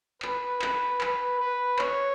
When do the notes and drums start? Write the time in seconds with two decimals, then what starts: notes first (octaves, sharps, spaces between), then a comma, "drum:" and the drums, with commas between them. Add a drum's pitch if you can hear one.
0.22 B4, drum: clap
0.62 B4, drum: clap
1.01 B4, drum: clap
1.40 B4
1.79 C#5, drum: clap